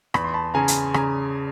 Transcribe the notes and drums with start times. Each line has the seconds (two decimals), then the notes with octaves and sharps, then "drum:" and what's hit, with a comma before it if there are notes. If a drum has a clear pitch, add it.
0.14 E2 B5, drum: rim click
0.24 C6
0.34 A5 B5
0.54 C#3 G#5 A#5
0.68 drum: hi-hat
0.94 C#3 G#5 A#5, drum: rim click